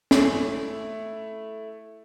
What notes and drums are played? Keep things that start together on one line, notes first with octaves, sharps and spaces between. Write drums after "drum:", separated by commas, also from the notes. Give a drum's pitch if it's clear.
A3 E4, drum: snare